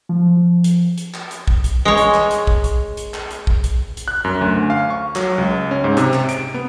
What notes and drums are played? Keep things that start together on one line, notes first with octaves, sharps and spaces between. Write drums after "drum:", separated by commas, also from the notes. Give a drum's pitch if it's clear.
F3
drum: hi-hat
drum: hi-hat
drum: clap
drum: hi-hat
drum: kick
drum: hi-hat
G#3 C#5
drum: hi-hat
drum: clap
drum: hi-hat
drum: kick
drum: hi-hat
drum: hi-hat
drum: clap
drum: hi-hat
drum: kick
drum: hi-hat
drum: hi-hat
F#6
F#2
D2
F5
C#6
F#3, drum: clap
C#2
C#4
G#2
C3, drum: hi-hat
drum: clap
D7, drum: hi-hat
B3